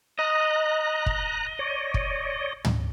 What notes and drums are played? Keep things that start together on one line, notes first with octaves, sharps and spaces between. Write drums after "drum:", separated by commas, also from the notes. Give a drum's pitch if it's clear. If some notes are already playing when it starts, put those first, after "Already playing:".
D#5 A#5 F#6
drum: kick
C#5 D5
drum: kick
drum: tom